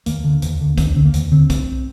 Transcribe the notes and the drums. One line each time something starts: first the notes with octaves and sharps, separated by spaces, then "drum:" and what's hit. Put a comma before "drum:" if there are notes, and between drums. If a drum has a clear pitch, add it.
D#2 A#3, drum: hi-hat
D3
D#2, drum: hi-hat
D3
D#2 C4, drum: kick B1, hi-hat
D4
D3 C4
A#3
D#2, drum: hi-hat
D3 C4
drum: kick B1, hi-hat